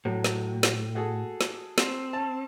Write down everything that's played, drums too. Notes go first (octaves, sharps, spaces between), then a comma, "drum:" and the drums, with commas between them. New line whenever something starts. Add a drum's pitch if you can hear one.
A2 F#3
drum: snare
drum: snare
F#4 G#4 A4
drum: snare
C4, drum: snare
A5